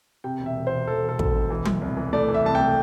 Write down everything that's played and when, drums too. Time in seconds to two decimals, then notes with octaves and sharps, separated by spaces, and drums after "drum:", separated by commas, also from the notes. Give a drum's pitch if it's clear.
0.24 C3 G5
0.40 E1
0.46 E5
0.57 E1
0.67 C5
0.72 E1
0.87 E1 A4
1.03 E1
1.09 A4
1.19 D2, drum: kick
1.34 E1
1.50 E3
1.65 E3, drum: tom F#3
1.82 C2
1.97 E3
2.13 A3 D5
2.28 E3
2.34 E5
2.45 C2 A5
2.55 G5
2.61 A3